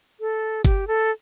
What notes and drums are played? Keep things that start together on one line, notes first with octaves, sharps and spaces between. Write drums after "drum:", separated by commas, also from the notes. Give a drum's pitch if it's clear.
A4
G4, drum: kick G1, hi-hat
A4